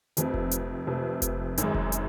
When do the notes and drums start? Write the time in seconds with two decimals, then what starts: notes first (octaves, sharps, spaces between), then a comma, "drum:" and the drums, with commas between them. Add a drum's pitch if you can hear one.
0.17 F1 F2 C3, drum: hi-hat
0.34 drum: kick F1
0.51 drum: hi-hat
0.87 F1 F2 C3
1.22 drum: kick F1, hi-hat
1.58 G#1 F#2 D#3 G#3, drum: hi-hat
1.75 drum: kick F1
1.92 drum: hi-hat